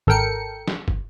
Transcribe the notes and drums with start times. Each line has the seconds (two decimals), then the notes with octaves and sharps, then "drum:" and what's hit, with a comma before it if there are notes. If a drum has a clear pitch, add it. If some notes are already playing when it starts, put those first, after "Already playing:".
0.07 G#1 A4 A#4 G5 C#7
0.68 drum: snare
0.88 drum: kick